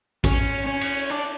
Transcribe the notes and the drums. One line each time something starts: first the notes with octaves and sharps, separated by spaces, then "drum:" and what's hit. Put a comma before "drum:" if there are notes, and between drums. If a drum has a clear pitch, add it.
C#4, drum: kick A1, cymbal
C#4
drum: cymbal
D4